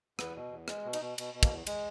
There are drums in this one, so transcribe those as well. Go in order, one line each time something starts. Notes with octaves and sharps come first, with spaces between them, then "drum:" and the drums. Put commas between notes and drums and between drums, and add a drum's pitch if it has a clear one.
E2 B3, drum: rim click
B2
E2
G#3, drum: rim click
B2
D#4, drum: cymbal
B2
B2, drum: cymbal
B2
A#3, drum: kick, cymbal
E2
G#3, drum: cymbal